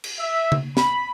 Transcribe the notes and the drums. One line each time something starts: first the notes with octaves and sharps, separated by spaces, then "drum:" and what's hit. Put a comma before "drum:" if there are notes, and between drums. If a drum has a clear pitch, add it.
drum: cymbal
E5
drum: tom C#3
B5, drum: snare